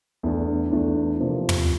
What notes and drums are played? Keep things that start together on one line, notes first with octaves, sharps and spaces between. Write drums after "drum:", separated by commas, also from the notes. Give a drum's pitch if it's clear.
E2 E3 A3 D4
E2 E3 A3 D4
C3 F3 A#3
drum: tom